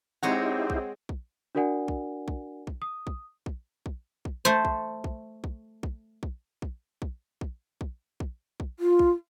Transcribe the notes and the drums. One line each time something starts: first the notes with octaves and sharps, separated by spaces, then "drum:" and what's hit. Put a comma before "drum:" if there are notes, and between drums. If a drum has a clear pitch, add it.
G#3 C4 D#4 E4 G4 C#5 F#5 A#5
drum: kick
drum: kick
D4 F#4 A#4 D5 F#5 G#5
drum: kick
drum: kick
drum: kick
D#6
drum: kick
drum: kick
drum: kick
drum: kick
A3 C5
drum: kick
drum: kick
drum: kick
drum: kick
drum: kick
drum: kick
drum: kick
drum: kick
drum: kick
drum: kick
drum: kick
F4
drum: kick